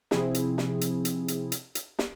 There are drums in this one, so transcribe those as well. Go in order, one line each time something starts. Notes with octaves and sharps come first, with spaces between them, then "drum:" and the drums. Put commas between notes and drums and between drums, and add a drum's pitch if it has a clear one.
C3 F3 C4 E4 G#4, drum: snare
drum: hi-hat
drum: snare
drum: hi-hat
drum: hi-hat
drum: hi-hat
drum: hi-hat
drum: hi-hat
drum: snare